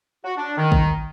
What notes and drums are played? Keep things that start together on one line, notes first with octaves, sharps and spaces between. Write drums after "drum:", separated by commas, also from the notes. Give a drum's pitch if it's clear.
F#4
D4
D#3
drum: kick